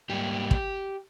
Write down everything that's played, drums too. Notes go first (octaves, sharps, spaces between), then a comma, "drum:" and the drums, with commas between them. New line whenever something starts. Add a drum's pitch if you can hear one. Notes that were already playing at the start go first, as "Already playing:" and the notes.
G#2 G3 A#3 G4
drum: kick